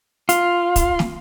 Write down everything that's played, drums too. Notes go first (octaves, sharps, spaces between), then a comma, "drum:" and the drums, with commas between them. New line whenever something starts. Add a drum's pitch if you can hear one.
F4, drum: hi-hat
drum: kick, hi-hat
drum: snare